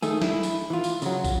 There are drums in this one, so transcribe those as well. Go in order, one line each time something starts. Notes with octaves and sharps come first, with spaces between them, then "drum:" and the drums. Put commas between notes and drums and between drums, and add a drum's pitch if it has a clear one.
D#3 A3 G#4, drum: tambourine
E4, drum: snare
drum: tambourine
E3 F4
drum: tambourine
C#3 F#3, drum: tambourine
drum: kick, tambourine